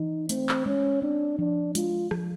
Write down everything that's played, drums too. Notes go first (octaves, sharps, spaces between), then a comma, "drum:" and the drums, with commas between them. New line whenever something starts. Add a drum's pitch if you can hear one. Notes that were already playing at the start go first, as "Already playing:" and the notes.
Already playing: E3 D#4
A3 C4, drum: hi-hat
drum: clap
G#3 C#4
C4 D4
F3 D4
G#3 F4, drum: hi-hat
F3, drum: rim click